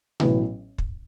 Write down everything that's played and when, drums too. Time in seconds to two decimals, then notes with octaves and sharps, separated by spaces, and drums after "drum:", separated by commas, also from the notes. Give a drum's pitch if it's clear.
0.20 A1 A2 F#3 B3 E4, drum: tom B2
0.78 drum: kick